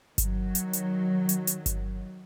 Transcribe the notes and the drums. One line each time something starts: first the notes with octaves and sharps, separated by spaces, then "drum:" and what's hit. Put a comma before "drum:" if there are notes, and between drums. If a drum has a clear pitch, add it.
D#3 F#3, drum: kick G1, hi-hat
drum: hi-hat
drum: hi-hat
drum: hi-hat
drum: hi-hat
drum: kick G1, hi-hat